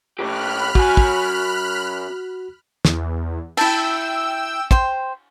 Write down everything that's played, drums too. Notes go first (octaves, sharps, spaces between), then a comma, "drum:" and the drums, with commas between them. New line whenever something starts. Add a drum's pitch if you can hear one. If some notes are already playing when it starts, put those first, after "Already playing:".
A2 G4 B5 F6 F#6
F#2 F#4 G#5, drum: kick
drum: kick
E2, drum: snare
E4 G5 A5 E6, drum: cymbal
C5 G5 C6, drum: kick